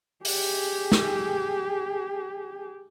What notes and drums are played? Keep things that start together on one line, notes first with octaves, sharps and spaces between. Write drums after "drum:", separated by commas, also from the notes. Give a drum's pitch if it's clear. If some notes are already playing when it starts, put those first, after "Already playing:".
G4 G#4, drum: open hi-hat
drum: snare